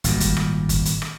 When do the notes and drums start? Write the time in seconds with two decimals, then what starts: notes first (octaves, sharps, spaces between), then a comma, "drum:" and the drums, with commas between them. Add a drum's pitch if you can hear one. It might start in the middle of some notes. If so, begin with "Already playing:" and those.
0.04 G#1 A#2 G3, drum: hi-hat
0.20 drum: kick G1, hi-hat
0.37 drum: rim click
0.69 drum: kick G1, hi-hat
0.85 drum: hi-hat
1.02 drum: rim click